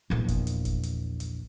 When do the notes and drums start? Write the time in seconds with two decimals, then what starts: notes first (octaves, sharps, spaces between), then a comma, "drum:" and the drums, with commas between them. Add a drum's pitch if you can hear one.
0.10 A#1 E2
0.28 drum: kick F1, hi-hat
0.47 drum: hi-hat
0.65 drum: kick F1, hi-hat
0.83 drum: hi-hat
1.20 drum: hi-hat